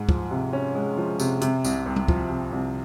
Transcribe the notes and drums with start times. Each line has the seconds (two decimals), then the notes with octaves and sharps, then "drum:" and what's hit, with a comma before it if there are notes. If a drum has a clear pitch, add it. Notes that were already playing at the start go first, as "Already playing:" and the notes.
Already playing: G#2
0.09 F3, drum: kick
0.31 C3
0.53 C#4
0.75 G#3
0.97 F3
1.20 C3, drum: tambourine
1.41 C3, drum: hi-hat
1.64 C2, drum: tambourine
1.86 C2
1.96 drum: tom G3
2.08 F3, drum: kick
2.30 C3
2.52 C2